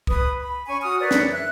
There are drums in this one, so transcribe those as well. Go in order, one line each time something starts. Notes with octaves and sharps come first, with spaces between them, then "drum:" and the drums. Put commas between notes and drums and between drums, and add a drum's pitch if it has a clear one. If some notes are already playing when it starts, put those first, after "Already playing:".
B4 D#6, drum: kick C2
B5
C#4 G#5 C#6
F#4 D#6 F6
A#4 B4 C#5 D5
drum: snare
E5 F#6